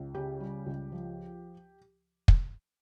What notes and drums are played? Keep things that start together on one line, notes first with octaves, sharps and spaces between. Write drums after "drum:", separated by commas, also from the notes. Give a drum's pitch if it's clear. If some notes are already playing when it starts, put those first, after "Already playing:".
Already playing: C#2
C#3 G4
G3
C#2
F3
drum: kick